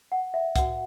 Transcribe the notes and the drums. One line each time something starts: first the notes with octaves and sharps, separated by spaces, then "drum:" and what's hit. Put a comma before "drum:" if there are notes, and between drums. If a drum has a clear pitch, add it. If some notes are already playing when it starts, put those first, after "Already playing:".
F#5
E5
F#4 B4 F#5, drum: kick, hi-hat